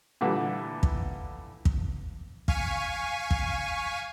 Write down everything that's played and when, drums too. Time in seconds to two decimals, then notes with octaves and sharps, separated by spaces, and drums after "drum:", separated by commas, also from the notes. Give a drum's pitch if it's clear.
0.21 A#2 D3 E3 G3
0.83 drum: kick
1.65 drum: kick
2.48 F5 G#5 C#6 B6 D#7, drum: kick
3.31 drum: kick